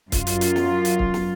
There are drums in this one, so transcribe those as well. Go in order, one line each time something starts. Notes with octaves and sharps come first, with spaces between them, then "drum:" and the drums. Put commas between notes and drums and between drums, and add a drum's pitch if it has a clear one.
F#2 F4, drum: kick C#1, hi-hat
drum: hi-hat
drum: hi-hat
drum: snare
drum: hi-hat
drum: kick C#1
drum: snare